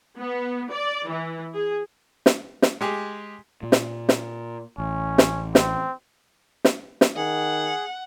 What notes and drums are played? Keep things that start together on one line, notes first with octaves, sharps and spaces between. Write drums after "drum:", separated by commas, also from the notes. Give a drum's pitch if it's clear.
B3
D5
E3
G#4
drum: snare
drum: snare
G#3 G4 G#4
A#2
drum: snare
drum: snare
A1 C#4
drum: snare
C4, drum: snare
drum: snare
drum: snare
D#3 G#4 F#5